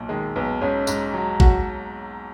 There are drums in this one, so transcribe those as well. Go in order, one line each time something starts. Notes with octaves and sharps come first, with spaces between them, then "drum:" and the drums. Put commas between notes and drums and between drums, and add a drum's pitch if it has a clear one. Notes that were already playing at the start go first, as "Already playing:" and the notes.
Already playing: B1 A#2
D#3 G#3
B1 B3
G#2 C#4
G#2, drum: tambourine
F#3
F#4, drum: kick A1